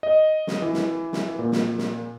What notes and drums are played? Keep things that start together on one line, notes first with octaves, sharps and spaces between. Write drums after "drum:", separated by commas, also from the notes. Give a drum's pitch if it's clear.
D#5
drum: snare
E3
drum: snare
drum: snare
A#2
drum: snare
drum: snare